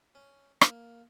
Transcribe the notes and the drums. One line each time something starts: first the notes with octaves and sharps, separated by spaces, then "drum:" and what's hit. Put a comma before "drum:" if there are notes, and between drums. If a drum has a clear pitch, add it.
C#4
A#3, drum: rim click